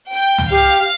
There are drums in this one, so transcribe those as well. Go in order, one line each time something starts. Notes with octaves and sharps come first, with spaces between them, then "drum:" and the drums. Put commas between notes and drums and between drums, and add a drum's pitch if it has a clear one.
G5
drum: tom C#2
G4 F5